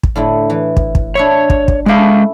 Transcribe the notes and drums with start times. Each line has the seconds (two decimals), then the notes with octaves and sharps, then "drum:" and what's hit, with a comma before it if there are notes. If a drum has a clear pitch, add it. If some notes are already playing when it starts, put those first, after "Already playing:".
0.03 drum: kick
0.16 A2 D3 E4
0.50 E3
0.77 drum: kick
0.95 drum: kick
1.15 D4 C#5 E5 B5
1.50 drum: kick
1.68 drum: kick
1.86 G#3 C#4 E4 A4 F5